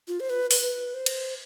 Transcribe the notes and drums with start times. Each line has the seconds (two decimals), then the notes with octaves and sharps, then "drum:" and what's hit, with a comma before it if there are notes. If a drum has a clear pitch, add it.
0.08 F4
0.20 C5
0.30 B4
0.51 B4, drum: open hi-hat
0.94 C5
1.06 drum: cymbal